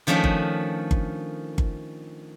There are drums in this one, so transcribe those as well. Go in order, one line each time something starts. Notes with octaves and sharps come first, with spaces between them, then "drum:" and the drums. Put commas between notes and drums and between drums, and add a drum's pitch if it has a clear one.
D#3 F3 A3 C#4 D4
drum: kick G1
drum: kick G1
drum: kick G1